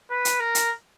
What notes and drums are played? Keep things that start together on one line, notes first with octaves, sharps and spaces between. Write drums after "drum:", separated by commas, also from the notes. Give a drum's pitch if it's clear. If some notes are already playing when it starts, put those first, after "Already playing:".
B4
drum: hi-hat
A#4
drum: hi-hat